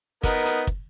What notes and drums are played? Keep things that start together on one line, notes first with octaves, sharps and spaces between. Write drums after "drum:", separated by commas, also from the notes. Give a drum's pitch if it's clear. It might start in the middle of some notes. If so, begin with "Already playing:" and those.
B3 D#4 A#4, drum: kick, hi-hat
drum: hi-hat
drum: kick